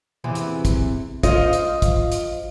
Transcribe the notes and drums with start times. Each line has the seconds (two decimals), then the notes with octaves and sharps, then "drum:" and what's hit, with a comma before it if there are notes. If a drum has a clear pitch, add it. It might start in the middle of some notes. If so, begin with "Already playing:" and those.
0.24 E2 C3 E3
0.35 drum: hi-hat
0.65 drum: kick, hi-hat
1.23 F3 F4 D#5, drum: kick, hi-hat
1.53 drum: hi-hat
1.82 drum: kick, hi-hat
2.12 drum: hi-hat